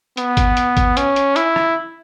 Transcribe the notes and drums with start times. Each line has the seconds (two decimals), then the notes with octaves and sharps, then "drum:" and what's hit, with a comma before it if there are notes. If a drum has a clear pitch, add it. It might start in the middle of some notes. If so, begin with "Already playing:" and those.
0.17 B3, drum: hi-hat
0.37 drum: kick, hi-hat
0.57 drum: hi-hat
0.77 drum: kick, hi-hat
0.97 C#4, drum: hi-hat
1.16 drum: hi-hat
1.36 E4, drum: hi-hat
1.56 drum: rim click